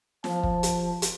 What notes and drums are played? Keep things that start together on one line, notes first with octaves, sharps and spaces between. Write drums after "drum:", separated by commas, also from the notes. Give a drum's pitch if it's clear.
F3 A5, drum: snare
drum: kick
drum: hi-hat
drum: hi-hat